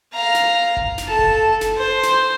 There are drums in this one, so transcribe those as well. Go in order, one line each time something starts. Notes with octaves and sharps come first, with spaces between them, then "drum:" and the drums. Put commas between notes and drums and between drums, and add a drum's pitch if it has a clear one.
F5 A#5
drum: snare
drum: kick F#1
drum: snare
A4 A5
drum: kick F#1
drum: snare
C5
drum: snare